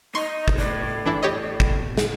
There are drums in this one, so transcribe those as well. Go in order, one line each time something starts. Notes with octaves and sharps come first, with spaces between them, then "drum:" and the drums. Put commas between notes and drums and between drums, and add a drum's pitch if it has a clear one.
D#4 D#5 C6 C#6
drum: kick
A2 D5
E3 D4 E4
G4 C#5 D#5
drum: kick
drum: snare